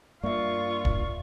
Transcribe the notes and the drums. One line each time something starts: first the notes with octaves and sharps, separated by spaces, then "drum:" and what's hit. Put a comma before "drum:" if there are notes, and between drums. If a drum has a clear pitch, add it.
G2 A#3 F4 D5 E5 C#6
drum: kick